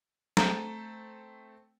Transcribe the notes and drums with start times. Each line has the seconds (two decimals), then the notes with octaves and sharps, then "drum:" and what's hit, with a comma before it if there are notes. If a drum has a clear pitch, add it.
0.37 A3 C4 A4 A#5, drum: snare